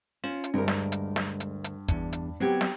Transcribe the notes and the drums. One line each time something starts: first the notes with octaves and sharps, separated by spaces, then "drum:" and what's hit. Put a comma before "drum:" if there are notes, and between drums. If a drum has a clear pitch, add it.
C#4 F4
drum: hi-hat
D2 G2 G#3 A#4
drum: snare
drum: hi-hat
drum: snare
drum: hi-hat
drum: hi-hat
E2 D4, drum: kick, hi-hat
drum: hi-hat
F#3 B3 C4 G4 F#5 G#6
drum: snare